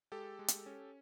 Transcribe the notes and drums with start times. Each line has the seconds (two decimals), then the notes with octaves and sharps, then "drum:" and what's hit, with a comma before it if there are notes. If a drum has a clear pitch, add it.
0.12 G#3 G4 A4
0.39 G#3
0.48 drum: hi-hat
0.66 C#4